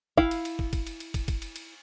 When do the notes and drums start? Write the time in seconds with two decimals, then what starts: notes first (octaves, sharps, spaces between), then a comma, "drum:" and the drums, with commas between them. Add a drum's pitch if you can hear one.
0.17 E4 F5, drum: kick
0.31 drum: cymbal
0.45 drum: cymbal
0.59 drum: kick
0.73 drum: kick, cymbal
0.87 drum: cymbal
1.00 drum: cymbal
1.14 drum: kick, cymbal
1.28 drum: kick, cymbal
1.42 drum: cymbal
1.56 drum: cymbal